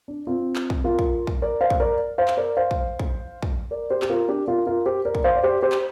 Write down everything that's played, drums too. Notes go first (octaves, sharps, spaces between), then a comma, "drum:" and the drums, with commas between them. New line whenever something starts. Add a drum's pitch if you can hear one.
D4
C4 F4
drum: clap
drum: kick
F4 A#4
drum: kick
drum: kick
A#4 D5
C5 F5
drum: kick
A#4 D5
C5 F5
drum: clap
A#4 D5
C5 F5
drum: kick
drum: kick
drum: kick
A#4 D5
G4 C5
G4, drum: clap
F4 A#4
D4 G4
F4 A#4
F4 A#4
G4 C5
A#4 D5
drum: kick
C5 F5
D5
G4 C5
G4 C5
drum: clap